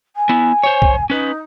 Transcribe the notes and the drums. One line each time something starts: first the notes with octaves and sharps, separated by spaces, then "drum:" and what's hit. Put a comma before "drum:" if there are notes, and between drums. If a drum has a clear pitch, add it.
G#5
B3 E4
C5 C#5
drum: kick B1
C#4 D#4 B4